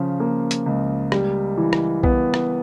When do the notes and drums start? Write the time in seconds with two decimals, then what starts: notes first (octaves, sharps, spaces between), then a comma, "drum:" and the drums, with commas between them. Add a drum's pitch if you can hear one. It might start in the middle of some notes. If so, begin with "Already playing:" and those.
Already playing: C#3 F3
0.20 A#3
0.51 drum: hi-hat
0.66 C#2
1.12 G3, drum: rim click
1.57 E3
1.73 drum: rim click
2.03 B3, drum: kick B1
2.34 drum: rim click